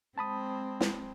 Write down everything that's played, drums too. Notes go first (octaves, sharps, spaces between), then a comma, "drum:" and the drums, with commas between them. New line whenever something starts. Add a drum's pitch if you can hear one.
G#3 C4 A5 B5 D#6
drum: snare